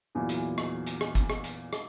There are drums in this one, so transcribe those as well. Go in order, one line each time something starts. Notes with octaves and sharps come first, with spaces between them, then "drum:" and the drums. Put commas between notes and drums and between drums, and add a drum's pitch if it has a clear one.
E2 A#2 E3 F#3
drum: hi-hat
drum: rim click
drum: hi-hat
drum: rim click
drum: kick G1, hi-hat
drum: rim click
drum: hi-hat
drum: rim click